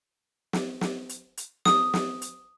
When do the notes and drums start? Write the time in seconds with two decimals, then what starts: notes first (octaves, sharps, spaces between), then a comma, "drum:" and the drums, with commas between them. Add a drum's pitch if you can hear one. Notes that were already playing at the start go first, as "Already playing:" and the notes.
0.53 drum: snare
0.81 drum: snare
1.09 drum: hi-hat
1.37 drum: hi-hat
1.65 D#6, drum: snare
1.94 drum: snare
2.22 drum: hi-hat